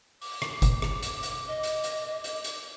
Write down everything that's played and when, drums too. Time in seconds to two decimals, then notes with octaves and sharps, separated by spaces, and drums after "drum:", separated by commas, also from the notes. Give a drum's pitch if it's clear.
0.22 D6, drum: open hi-hat
0.42 drum: rim click
0.62 drum: kick F#1, hi-hat
0.82 drum: rim click
1.03 drum: hi-hat
1.23 drum: hi-hat
1.48 D#5
1.63 drum: hi-hat
1.84 drum: hi-hat
2.24 drum: hi-hat
2.44 drum: hi-hat